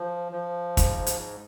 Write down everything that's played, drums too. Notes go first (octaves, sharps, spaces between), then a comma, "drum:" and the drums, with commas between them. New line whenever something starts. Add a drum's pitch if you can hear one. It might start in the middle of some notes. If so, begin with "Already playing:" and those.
Already playing: F3
F3
G#2, drum: kick, hi-hat
drum: hi-hat